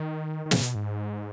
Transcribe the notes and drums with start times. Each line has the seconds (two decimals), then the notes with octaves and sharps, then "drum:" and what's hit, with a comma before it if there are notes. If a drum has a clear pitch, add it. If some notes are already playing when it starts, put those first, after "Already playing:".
Already playing: D#3
0.46 D#3
0.51 C#3, drum: snare
0.63 B2
0.75 G#2